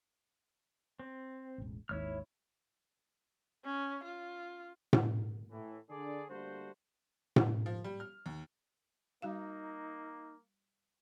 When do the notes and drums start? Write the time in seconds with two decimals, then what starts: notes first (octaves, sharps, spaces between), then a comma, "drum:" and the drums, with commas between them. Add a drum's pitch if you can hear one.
1.00 C4
1.58 E1 A1
1.89 G#1 D#2 E4 C#5 F6
3.65 C#4
4.04 F4
4.93 drum: tom A2
5.51 A2 E3
5.89 D3 G#4 D5
6.30 D3 G3 A3 A#3 F#4 C5
7.36 drum: tom A2
7.66 F3
7.84 G3
8.00 F6
8.26 D#2
9.22 G3 A#3 D#4 F#4 F5